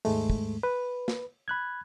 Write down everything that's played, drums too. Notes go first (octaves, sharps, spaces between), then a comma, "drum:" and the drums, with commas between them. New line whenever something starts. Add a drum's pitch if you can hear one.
D#2 G#2 G#3 A3, drum: open hi-hat
drum: kick
B4
drum: snare
B5 F#6 G#6